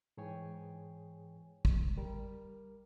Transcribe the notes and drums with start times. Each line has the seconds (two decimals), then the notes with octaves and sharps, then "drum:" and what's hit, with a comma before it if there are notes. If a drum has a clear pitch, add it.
0.17 G#2 E3 G#4 C#5 G5 G#5
1.65 drum: kick
1.97 G3 A#4